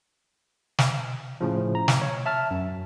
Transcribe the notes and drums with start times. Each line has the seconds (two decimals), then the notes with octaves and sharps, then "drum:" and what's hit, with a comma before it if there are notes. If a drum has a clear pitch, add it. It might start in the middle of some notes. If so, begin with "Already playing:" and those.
0.79 drum: snare
1.41 A2 C#3 F3
1.75 A#5
1.88 drum: snare
2.02 C#5
2.26 E5 A5 F6
2.51 F#2